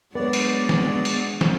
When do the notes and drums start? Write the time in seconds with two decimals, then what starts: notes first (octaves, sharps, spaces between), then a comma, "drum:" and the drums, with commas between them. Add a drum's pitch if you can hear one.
0.15 F#3 G#3 B3 D4 B4 C#5 D5
0.33 drum: open hi-hat
0.69 drum: snare
1.05 drum: open hi-hat
1.41 drum: snare